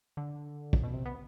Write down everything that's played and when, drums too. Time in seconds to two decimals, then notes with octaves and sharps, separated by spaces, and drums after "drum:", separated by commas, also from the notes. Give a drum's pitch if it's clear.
0.17 D3
0.73 drum: kick
0.83 B2
0.94 C3
1.05 B3